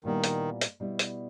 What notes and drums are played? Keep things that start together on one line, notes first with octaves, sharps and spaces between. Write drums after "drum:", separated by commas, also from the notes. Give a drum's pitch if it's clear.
A#2 D#3 G3 B3 E4
drum: hi-hat
drum: hi-hat
B2 G3 B3 E4
drum: hi-hat